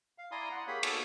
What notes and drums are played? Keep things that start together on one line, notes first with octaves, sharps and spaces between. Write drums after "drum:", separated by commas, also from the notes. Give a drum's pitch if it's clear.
F5
E4 D5 G#5 A#5 C6 D#6
F#5
A#3 G4 G#4 C#5 F5 B5
B3 A4 D5 G#5 C#6 F6, drum: cymbal